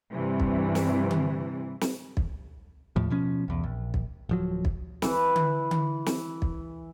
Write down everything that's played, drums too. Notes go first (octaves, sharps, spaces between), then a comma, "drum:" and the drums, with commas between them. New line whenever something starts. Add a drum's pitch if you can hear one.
G2 C3 E3
drum: kick
drum: snare
drum: tom D3
drum: snare
drum: kick
D#2 A2 F3
B2 F3 C#4
B1 E2
A#1
drum: kick
D1 F3 F#3
drum: kick
E3 B4, drum: snare
drum: tom D3
drum: tom D3
drum: snare
drum: kick